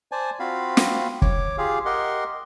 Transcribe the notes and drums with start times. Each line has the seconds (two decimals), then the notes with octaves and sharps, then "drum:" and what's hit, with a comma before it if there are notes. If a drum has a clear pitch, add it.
0.12 C5 D5 G#5 A5
0.39 C4 F4 F#4 F5 B5
0.77 drum: snare
1.22 C#5 D6, drum: kick
1.58 F4 G4 G#4 F5
1.86 G4 A#4 D#5 F#5 C6